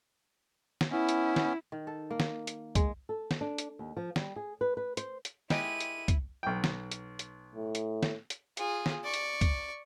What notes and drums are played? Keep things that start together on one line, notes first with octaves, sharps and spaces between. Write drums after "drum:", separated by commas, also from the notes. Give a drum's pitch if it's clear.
drum: snare
B3 C#4 E4
drum: hi-hat
drum: snare
D#3
A4
A#3
drum: snare
drum: hi-hat
G#3, drum: kick, hi-hat
A4
drum: snare
D4
drum: hi-hat
D#2
F3
G3, drum: snare
G#4
B4
B4
C5, drum: hi-hat
drum: hi-hat
D#3 G#3 E4 G4 D#7, drum: snare
drum: hi-hat
drum: kick, hi-hat
B1 G5
drum: snare
drum: hi-hat
drum: hi-hat
A2
drum: hi-hat
drum: snare
drum: hi-hat
F4 G#4, drum: hi-hat
drum: snare
D5 C#6
drum: hi-hat
drum: kick, hi-hat